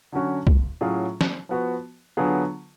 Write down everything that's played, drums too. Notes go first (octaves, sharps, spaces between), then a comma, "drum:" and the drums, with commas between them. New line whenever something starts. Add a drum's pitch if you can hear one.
D3 F#3 C#4 F#4
drum: kick
A2 F#3 C#4 F4 G#4
drum: snare
F3 B3 F#4
D3 F#3 B3 F4 G#4